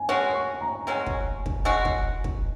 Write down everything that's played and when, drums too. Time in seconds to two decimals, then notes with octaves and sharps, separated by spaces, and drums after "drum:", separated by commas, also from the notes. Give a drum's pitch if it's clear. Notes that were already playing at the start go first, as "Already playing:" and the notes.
Already playing: G#5
0.09 G#3 C#4 F#4
0.34 C#6
0.61 A#5
0.87 G#3 C#4 F#4
1.06 drum: kick
1.46 drum: kick
1.65 G#3 C#4 F#4
1.85 drum: kick
2.24 drum: kick